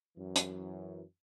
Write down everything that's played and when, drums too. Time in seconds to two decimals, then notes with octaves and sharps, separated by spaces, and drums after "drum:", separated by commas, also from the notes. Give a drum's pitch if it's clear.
0.17 F#2 E3
0.36 drum: hi-hat